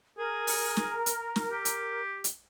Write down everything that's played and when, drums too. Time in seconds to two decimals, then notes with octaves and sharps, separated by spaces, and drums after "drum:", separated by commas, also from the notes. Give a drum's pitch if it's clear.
0.18 G#4 A#4
0.47 drum: open hi-hat
0.77 drum: snare
1.06 drum: hi-hat
1.36 drum: snare
1.51 G4
1.65 drum: hi-hat
2.24 drum: hi-hat